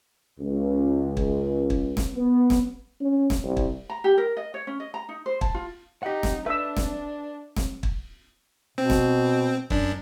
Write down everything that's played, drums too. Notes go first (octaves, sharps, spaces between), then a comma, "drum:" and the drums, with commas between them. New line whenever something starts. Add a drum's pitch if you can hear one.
C#2
drum: kick
drum: kick
drum: snare
B3
drum: snare
C#4
drum: snare
C2
drum: kick
A#5
G4
A#4
D#5
C#5
C#4
D#5
A#5
D#4
C5
A5, drum: kick
F4
D#4 G4 F#5
drum: snare
D4 B4 E5 E6
drum: snare
drum: snare
drum: kick
B2 C4
drum: snare
F#2 D4, drum: kick